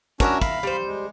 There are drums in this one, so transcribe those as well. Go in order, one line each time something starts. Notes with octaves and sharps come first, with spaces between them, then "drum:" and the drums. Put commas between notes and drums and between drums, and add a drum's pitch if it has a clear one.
C#4 D4 F#4 A#4 B4 E5, drum: kick, hi-hat
F5 B5, drum: kick, hi-hat
G3 C5
G#3